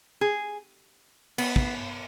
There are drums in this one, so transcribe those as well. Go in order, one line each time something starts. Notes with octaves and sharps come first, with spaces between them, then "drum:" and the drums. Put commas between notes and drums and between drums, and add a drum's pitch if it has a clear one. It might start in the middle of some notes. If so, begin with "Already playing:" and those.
G#4
B3, drum: cymbal
drum: kick